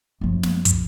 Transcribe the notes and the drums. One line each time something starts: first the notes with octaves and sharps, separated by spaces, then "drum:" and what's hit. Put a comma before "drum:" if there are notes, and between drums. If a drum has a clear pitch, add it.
F#2 F3
drum: snare
drum: kick, hi-hat